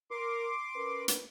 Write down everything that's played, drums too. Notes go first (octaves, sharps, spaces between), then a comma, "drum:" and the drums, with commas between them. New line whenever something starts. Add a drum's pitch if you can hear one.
A#4 C6 D6
C#4 A#4 B4
drum: hi-hat